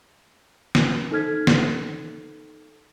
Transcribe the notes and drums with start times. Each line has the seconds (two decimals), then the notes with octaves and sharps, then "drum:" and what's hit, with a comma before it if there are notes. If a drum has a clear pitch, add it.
0.75 drum: snare
1.11 D#4 A4 C5 F6 G#6 B6
1.47 drum: snare